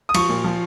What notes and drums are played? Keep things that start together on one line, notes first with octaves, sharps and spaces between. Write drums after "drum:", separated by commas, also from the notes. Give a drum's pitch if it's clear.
D#6
F3 C#6, drum: cymbal
A#2
F3